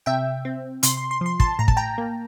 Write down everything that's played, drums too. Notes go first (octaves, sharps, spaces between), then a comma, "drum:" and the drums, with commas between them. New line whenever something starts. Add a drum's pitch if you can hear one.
C3 E5 G5
C4
C3 C6, drum: hi-hat
C6
C6
F3 C6
A5 C6, drum: kick
A2 A#5
A5, drum: kick
G5 A#5
A#3